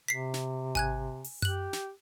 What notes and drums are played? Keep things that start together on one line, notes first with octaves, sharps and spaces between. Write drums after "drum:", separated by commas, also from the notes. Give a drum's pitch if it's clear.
C3 B6 C7
drum: snare
G#5 F#6 G#6, drum: kick G#1
drum: open hi-hat
G4 F#6 F#7, drum: tom F#2
drum: snare